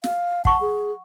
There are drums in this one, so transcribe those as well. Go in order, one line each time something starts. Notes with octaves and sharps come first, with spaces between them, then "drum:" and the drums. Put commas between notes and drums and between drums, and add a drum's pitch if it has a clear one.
F5, drum: snare
F#5 A5 C#6, drum: kick
G#4